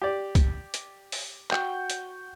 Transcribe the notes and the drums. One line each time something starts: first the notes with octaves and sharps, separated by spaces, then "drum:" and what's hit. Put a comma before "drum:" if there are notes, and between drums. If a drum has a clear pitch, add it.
G4 D5
drum: kick, hi-hat
drum: hi-hat
drum: open hi-hat
F#4 G5, drum: clap
drum: hi-hat